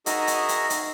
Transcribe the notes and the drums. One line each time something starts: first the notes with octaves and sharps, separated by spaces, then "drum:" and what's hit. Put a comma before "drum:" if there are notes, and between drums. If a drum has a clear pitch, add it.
D#4 F#4 G#4 A#4 D#5 E5, drum: hi-hat
drum: hi-hat
drum: hi-hat
drum: hi-hat